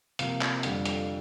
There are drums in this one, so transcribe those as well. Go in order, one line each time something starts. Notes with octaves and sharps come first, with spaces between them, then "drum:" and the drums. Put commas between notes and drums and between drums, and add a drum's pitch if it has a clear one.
C3 F3 A#3 F5, drum: hi-hat
drum: clap
F2 D3 G3 F5, drum: hi-hat
F5, drum: hi-hat